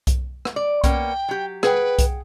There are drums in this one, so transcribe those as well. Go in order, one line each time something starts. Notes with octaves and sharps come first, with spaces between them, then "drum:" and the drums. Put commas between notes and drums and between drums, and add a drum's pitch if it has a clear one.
drum: kick B1, hi-hat
drum: rim click
D5
A#3 B3 C#4 G5, drum: kick B1, hi-hat
F#3 G4
G#4 B4 F#5 G5, drum: rim click
drum: kick B1, hi-hat